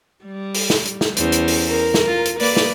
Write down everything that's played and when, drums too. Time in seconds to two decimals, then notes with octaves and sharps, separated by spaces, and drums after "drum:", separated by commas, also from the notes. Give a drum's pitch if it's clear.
0.25 G3
0.54 drum: open hi-hat
0.70 drum: snare
0.85 drum: hi-hat
1.01 drum: snare
1.17 E2 C#4 C5, drum: hi-hat
1.32 drum: hi-hat
1.48 drum: open hi-hat
1.68 A#4
1.94 drum: snare
2.07 F4
2.25 drum: hi-hat
2.40 A#3 B4 D5, drum: open hi-hat
2.57 drum: snare